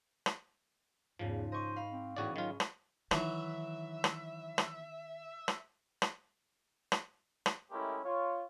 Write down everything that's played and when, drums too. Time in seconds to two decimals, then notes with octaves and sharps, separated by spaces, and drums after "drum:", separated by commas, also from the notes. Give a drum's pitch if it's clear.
0.26 drum: rim click
1.19 E2 G#2 C#3 F3
1.52 C5 D#5 C#6
1.76 F5 B5
1.92 C4
2.16 E2 A2 C#4 F#4 G#4 D5
2.36 D#3 F#3 F4
2.60 drum: rim click
3.11 D#3 E3 F#3 E5, drum: rim click
4.04 drum: rim click
4.58 drum: rim click
5.48 drum: rim click
6.02 drum: rim click
6.92 drum: rim click
7.46 drum: rim click
7.71 G#3 A3 C#4 E4 G4 A#4
8.05 F4 C#5